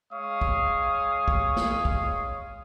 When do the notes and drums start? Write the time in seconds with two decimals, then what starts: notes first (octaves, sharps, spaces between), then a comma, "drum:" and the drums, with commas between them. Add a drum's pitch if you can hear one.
0.13 G#3 C#5 F5 C#6 D#6
0.41 drum: kick
1.28 drum: kick
1.56 drum: snare
1.85 drum: kick